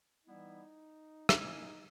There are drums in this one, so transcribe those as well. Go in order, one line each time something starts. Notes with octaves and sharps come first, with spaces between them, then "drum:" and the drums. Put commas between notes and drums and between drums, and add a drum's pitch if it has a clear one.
E3 G3 B3 D#4 E4
A#2 A#3 C#4 D#4 E4, drum: rim click